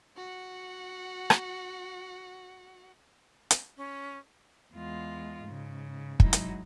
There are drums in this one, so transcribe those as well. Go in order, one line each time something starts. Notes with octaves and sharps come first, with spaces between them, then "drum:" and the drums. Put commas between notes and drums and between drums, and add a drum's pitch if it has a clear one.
F#4 F#5
drum: rim click
drum: hi-hat
C#4
E2 G#3 F4
G#2 C#3
F#3 G#3 D#4 E4, drum: kick
drum: hi-hat